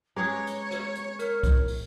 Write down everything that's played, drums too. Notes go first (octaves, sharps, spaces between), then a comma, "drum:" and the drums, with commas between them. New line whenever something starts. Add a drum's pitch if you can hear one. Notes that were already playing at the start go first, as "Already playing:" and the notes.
G#3 C#4 G#4 B4 C#5 A#5 D6
drum: hi-hat
drum: rim click
drum: hi-hat
A#4 F6, drum: hi-hat
drum: kick B1, hi-hat
drum: open hi-hat